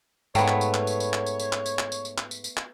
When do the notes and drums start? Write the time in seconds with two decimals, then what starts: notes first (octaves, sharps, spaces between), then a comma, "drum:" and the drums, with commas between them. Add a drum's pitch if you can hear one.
0.35 G#2 A3 B3 C#5 F5 G5 A#5, drum: tambourine
0.48 drum: clap
0.61 drum: tambourine
0.74 drum: clap
0.87 drum: tambourine
1.00 drum: tambourine
1.13 drum: clap
1.26 drum: tambourine
1.40 drum: tambourine
1.53 drum: clap
1.66 drum: tambourine
1.79 drum: clap
1.92 drum: tambourine
2.05 drum: tambourine
2.18 drum: clap
2.31 drum: tambourine
2.44 drum: tambourine
2.57 drum: clap